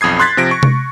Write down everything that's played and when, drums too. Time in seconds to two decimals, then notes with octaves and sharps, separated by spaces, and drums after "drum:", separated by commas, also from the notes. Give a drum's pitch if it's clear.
0.01 B1 F2 D#6 G#6 C7
0.19 C6 F#6 G#6 A6 B6
0.37 C3 F3 A#6 D7
0.51 C#6
0.63 drum: tom C3